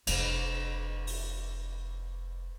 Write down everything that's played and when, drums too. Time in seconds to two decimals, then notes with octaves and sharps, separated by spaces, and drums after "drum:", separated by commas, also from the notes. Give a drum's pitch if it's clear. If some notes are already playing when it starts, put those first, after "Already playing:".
0.07 F1 D4, drum: cymbal
1.07 drum: open hi-hat